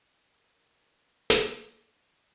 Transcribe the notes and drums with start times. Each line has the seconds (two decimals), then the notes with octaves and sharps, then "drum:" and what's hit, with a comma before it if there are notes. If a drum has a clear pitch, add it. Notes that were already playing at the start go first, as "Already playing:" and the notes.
0.24 B1 A#4 C#5 G#5
1.30 drum: snare
1.65 D5